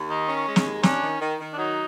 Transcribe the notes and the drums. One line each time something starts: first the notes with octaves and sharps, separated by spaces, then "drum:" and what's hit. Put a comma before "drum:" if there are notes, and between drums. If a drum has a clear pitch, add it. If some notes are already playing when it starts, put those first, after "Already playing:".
Already playing: D#2
D#3 D#4
C#4
G#3
drum: snare
D#2
C#4 D4, drum: snare
D#3
D#3
D#3
D4
F#3 D#4